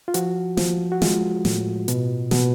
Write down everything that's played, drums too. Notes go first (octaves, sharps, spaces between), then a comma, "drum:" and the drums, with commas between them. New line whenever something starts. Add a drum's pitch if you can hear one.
F4
F3 F#4, drum: hi-hat
F3, drum: snare
F#4
G#3 F4, drum: snare
A2, drum: snare
B2, drum: hi-hat
B2, drum: snare